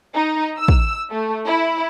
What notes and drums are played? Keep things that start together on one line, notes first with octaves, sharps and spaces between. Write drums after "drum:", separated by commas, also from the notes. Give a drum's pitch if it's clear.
D#4
E6
drum: kick
A3
E4